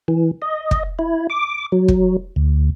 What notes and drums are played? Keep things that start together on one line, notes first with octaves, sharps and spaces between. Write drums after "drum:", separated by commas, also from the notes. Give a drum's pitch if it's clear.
E3
D#5
drum: kick
E4
D6
F#3
drum: kick
D2